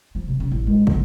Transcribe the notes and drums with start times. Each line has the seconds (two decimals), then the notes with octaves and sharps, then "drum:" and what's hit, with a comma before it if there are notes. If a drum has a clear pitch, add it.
0.15 F3
0.28 C3
0.40 C#4
0.51 A1
0.67 G#3
0.87 D3, drum: kick